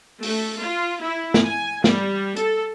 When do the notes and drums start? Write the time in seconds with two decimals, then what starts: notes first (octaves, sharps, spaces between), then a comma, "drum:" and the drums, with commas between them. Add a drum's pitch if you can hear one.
0.23 A3, drum: open hi-hat
0.60 F4
1.01 E4
1.34 drum: snare
1.45 G#5
1.84 G3, drum: snare
2.37 A4, drum: hi-hat